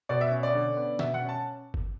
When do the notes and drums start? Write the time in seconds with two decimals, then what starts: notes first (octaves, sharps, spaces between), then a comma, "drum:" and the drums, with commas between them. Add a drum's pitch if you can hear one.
0.09 B2 D5
0.21 E5
0.31 C#4
0.43 D5
0.54 D3
0.77 B3
0.99 B2 E5, drum: snare
1.14 F#5
1.22 C#4
1.29 A5
1.74 drum: kick G1